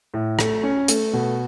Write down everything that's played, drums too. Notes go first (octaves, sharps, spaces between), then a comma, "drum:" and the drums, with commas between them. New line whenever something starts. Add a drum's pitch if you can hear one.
A2
A3, drum: rim click
C#4
A3, drum: hi-hat
B2